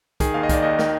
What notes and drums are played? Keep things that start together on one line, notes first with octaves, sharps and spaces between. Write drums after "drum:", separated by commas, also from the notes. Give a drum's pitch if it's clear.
D#3 G#4, drum: kick B1, hi-hat
D#2 F5
D#5
D#3 D5, drum: kick B1, hi-hat
D#2 D#5
D#3, drum: snare